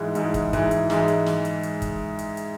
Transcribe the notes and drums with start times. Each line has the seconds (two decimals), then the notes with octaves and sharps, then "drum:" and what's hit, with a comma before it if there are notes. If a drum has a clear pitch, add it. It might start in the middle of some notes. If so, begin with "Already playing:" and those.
Already playing: G#2 E3 G#3
0.15 G#2 E3 G#3, drum: hi-hat
0.34 drum: kick, hi-hat
0.53 G#2 E3 G#3, drum: kick, hi-hat
0.71 drum: hi-hat
0.90 G#2 E3 G#3, drum: snare
1.08 drum: hi-hat
1.26 drum: snare
1.45 drum: hi-hat
1.63 drum: hi-hat
1.82 drum: kick, hi-hat
2.19 drum: hi-hat
2.37 drum: hi-hat